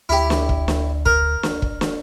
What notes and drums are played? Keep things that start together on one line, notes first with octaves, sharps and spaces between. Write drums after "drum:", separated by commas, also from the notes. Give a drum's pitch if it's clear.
D2 E4 G4
drum: snare
drum: kick
drum: snare
A#4, drum: kick
drum: snare
drum: kick
drum: snare